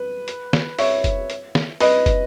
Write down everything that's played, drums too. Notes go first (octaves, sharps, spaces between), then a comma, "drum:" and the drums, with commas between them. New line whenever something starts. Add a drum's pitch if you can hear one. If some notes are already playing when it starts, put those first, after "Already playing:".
Already playing: B4
drum: hi-hat
drum: snare
C#5 E5, drum: open hi-hat
drum: kick, hi-hat
drum: hi-hat
drum: snare
B4 D#5, drum: open hi-hat
drum: kick, hi-hat